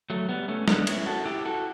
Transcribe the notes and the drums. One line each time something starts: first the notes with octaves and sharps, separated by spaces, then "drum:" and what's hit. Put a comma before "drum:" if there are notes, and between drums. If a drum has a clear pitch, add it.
F#3 A3
G3 B3
A3 C#4
B3 D4, drum: snare
C#4 E4, drum: cymbal
F#4 A4
E4 G4
F#4 A4